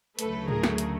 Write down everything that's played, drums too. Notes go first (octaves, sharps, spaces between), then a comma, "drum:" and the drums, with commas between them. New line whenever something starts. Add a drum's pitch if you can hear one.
D2 C#3 F#3 A3 A4 B4, drum: hi-hat
G#4 A#4, drum: tom G#2
drum: snare
drum: hi-hat